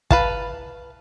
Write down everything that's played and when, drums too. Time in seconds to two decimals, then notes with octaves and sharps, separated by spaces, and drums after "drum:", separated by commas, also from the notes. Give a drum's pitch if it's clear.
0.11 B4 F5 A5, drum: kick